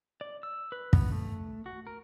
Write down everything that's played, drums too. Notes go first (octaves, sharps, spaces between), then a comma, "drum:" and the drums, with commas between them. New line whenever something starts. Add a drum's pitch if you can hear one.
D5
E6
B4
B3, drum: kick
A3
F#4
A#4